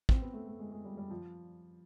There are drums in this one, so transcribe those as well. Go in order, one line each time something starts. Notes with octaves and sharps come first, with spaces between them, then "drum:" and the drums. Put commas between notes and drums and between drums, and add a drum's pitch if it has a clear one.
C4, drum: kick
B3
A3
A3
G#3
G#3
G3
G3
F3